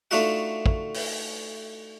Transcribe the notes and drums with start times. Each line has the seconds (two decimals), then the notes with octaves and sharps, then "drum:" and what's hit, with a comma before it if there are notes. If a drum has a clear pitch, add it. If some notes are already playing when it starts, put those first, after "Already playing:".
0.11 A3 D4 D#4 F4 F#4 F#5
0.66 drum: kick
0.94 drum: open hi-hat